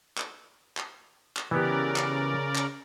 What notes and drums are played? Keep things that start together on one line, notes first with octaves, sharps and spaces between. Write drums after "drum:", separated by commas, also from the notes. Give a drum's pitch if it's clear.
drum: clap
drum: clap
drum: clap
C#3 E3 B3 G4 A#4 D5
drum: clap
drum: clap